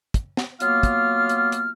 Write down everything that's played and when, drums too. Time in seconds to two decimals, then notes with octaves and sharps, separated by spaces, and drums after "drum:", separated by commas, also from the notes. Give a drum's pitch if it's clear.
0.14 drum: kick, hi-hat
0.37 drum: snare
0.60 F#3 A#3 B3 F4 F5 F6, drum: hi-hat
0.83 drum: kick, hi-hat
1.29 drum: hi-hat
1.52 drum: hi-hat